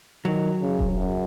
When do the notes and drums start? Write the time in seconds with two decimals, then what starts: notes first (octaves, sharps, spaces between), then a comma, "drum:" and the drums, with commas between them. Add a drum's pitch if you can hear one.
0.25 D#3 F#3
0.61 C#3
0.79 drum: kick D#1
0.96 F#2